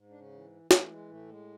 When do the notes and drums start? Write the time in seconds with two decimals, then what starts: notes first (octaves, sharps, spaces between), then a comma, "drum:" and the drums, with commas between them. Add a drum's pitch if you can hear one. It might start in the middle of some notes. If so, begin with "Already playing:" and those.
Already playing: G#2
0.10 D4
0.19 C#3 C#4
0.32 E3
0.71 E3 A3, drum: snare
0.90 G#3
1.09 A2 A3
1.29 G#3